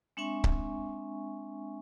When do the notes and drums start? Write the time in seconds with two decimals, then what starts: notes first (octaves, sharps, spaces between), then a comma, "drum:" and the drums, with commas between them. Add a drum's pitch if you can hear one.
0.17 G#3 C4 D4 E5 G#5 C#6
0.44 drum: kick C#1